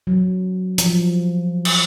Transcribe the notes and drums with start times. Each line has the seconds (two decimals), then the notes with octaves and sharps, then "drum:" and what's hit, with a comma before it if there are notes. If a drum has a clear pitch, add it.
0.07 F#3
0.78 F3, drum: hi-hat
1.65 drum: cymbal